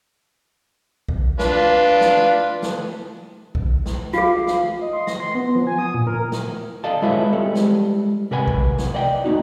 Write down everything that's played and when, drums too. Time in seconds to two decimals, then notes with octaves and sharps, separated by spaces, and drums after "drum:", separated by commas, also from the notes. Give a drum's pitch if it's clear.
1.09 drum: kick A#1
1.39 D4 F4 B4, drum: snare
2.01 drum: snare
2.62 drum: snare
3.55 drum: kick A#1
3.86 drum: snare
4.14 F4 G#4 F5
4.47 drum: snare
4.81 D#5
4.93 C6
5.07 A#6, drum: snare
5.20 C6
5.35 B3
5.55 F3
5.67 G#5
5.79 D#6
5.94 A#2
6.07 A#4
6.32 drum: snare
6.84 A4 D5 D#5 F5 A5
7.02 G#3 E4 F4 A4 B4 C#5
7.32 G3 G#3 A4
7.55 drum: snare
8.31 C3 A#4 B4 F#5 G#5 B5
8.48 drum: kick A#1
8.78 drum: snare
8.94 D5 D#5 F#5 G5
9.24 A3 A#3 C#4 D#4 F#4